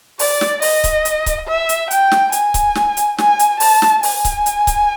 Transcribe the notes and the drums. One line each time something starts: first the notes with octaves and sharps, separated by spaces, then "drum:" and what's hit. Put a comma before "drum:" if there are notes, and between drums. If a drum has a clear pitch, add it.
D5, drum: open hi-hat
drum: snare
D#5, drum: open hi-hat
drum: kick C#1, hi-hat
drum: hi-hat
drum: kick C#1, hi-hat
E5
drum: hi-hat
G5, drum: hi-hat
drum: snare
G#5, drum: hi-hat
drum: kick C#1, hi-hat
drum: snare
drum: hi-hat
G#5, drum: snare
drum: hi-hat
A5, drum: open hi-hat
drum: snare
G#5, drum: open hi-hat
drum: kick C#1, hi-hat
drum: hi-hat
drum: kick C#1, hi-hat